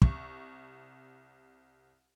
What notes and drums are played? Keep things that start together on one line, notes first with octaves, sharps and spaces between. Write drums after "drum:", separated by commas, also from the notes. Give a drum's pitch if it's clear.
C2 C#6, drum: kick